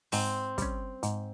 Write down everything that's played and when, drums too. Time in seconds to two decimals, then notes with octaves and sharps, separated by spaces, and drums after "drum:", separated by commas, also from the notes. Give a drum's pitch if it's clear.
0.12 G#2 C4, drum: open hi-hat
0.58 G3 C#4, drum: kick, hi-hat
1.03 G#2, drum: hi-hat